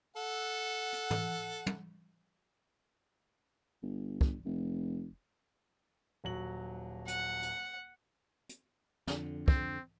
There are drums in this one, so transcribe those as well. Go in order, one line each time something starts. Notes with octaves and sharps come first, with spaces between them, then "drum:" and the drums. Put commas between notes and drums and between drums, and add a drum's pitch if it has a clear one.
A4 F#5
drum: hi-hat
drum: tom
drum: tom
G1
drum: kick
F1
D#1 F#3 F#7
F#5, drum: hi-hat
drum: hi-hat
drum: hi-hat
F2 D3, drum: snare
C4, drum: kick